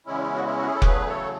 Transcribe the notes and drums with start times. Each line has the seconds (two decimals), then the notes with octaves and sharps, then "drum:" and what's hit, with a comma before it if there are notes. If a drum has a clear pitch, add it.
0.06 E2 C#3 G#3 C#4 E4
0.34 F#4
0.44 C#4 E4
0.58 F#4
0.67 G#4
0.74 A4
0.82 E2 C#3 F#3 A3 G#4 B4, drum: kick F1
1.07 A4 C#5